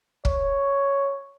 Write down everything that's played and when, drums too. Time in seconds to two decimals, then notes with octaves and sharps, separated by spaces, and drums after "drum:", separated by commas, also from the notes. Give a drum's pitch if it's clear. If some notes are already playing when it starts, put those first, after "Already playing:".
0.25 C#5, drum: kick